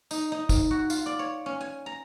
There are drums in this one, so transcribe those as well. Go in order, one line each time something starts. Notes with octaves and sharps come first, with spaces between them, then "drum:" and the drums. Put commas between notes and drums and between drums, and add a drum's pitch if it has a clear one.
D#4, drum: tambourine
D#4
drum: kick, tambourine
F#4
F4, drum: tambourine
D5
C#5
C#4
G#5
A#5